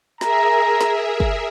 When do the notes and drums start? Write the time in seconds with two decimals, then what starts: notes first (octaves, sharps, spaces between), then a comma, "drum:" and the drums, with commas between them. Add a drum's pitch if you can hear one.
0.21 G#4 A#4 E5 A#5, drum: snare
0.81 drum: snare
1.20 drum: kick